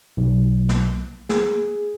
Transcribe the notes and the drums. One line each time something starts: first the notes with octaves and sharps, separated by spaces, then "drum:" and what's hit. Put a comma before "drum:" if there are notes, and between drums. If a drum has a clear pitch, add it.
B1
drum: snare
G#4, drum: snare